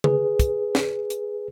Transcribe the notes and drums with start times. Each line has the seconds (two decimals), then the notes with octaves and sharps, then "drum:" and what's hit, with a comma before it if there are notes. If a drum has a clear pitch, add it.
0.04 G#4 B4, drum: tom C#3
0.40 drum: kick, hi-hat
0.75 drum: snare
1.10 drum: hi-hat